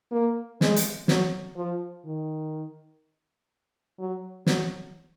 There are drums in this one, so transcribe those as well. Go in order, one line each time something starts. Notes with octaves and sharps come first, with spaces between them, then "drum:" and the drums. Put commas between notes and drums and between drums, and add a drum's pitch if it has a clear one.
A#3
G#3, drum: snare
drum: hi-hat
F#3, drum: snare
F3
D#3
F#3
F#3, drum: snare